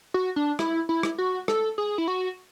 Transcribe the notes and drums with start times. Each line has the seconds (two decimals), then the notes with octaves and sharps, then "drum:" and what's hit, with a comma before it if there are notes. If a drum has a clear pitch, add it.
0.14 F#4
0.36 D4
0.59 E4, drum: rim click
0.89 E4
1.03 drum: rim click
1.18 F#4
1.48 A4, drum: rim click
1.78 G#4
1.98 E4
2.08 F#4